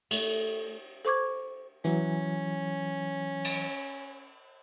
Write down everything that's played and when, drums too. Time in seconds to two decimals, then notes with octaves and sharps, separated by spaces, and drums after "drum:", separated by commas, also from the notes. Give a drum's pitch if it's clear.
0.11 A3, drum: cymbal
1.05 A4 C5 C#6 D6 G#6, drum: hi-hat
1.85 E3 F#3 C#4, drum: hi-hat
3.44 drum: cymbal